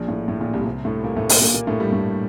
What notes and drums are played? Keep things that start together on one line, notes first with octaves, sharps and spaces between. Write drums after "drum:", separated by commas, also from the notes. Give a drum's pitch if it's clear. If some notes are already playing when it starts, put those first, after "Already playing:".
Already playing: A#1 A#2
A2
A2
A#1 A#2
C2 C3
C2 C3
A2 A3
A#2 A#3
A2 A3
A#2 A#3, drum: open hi-hat
A#2 A#3
A#2 A#3
A2 A3
G2 G3
A2 A3